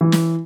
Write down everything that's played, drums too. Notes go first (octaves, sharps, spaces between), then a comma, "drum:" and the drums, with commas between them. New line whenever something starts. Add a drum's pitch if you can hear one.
E3
drum: snare